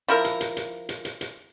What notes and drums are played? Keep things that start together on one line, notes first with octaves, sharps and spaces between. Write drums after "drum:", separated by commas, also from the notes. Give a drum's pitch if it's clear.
F3 E4 A#4
drum: hi-hat
drum: hi-hat
drum: hi-hat
drum: hi-hat
drum: hi-hat
drum: hi-hat